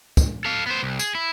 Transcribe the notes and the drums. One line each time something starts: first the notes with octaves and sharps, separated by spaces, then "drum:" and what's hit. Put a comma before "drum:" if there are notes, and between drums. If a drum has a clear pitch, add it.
drum: kick, tambourine
A4 F5
B3 C5
C2
G#4, drum: tambourine
E4